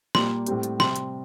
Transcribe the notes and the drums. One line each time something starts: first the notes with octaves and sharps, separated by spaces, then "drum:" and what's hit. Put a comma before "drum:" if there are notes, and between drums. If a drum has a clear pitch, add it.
A#2 G3 A#3 C6, drum: snare
A2 G3 C4 G4, drum: hi-hat
drum: hi-hat
C3 G3 C4 C6, drum: snare
drum: hi-hat